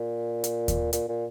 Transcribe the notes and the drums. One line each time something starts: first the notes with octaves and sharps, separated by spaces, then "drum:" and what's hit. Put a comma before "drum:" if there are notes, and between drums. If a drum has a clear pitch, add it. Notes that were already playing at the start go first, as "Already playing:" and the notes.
Already playing: A#2
drum: hi-hat
drum: kick D#2, hi-hat
A#2, drum: hi-hat
A#2